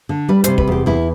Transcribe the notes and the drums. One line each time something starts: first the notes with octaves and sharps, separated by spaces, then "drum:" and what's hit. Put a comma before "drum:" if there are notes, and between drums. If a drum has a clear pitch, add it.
D3
G3 B4
C3 C5, drum: hi-hat
B4, drum: kick
E2 G4
E2 E4